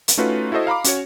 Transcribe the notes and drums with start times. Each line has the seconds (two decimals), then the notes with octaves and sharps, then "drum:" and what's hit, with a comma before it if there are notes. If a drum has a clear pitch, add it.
0.08 drum: hi-hat
0.17 A3 C#4 D#4 F4 F#4 B4
0.52 E4 F#4 A4 C5 D#5
0.67 F5 A#5 B5 D6
0.84 C#4 F#4 C#5, drum: hi-hat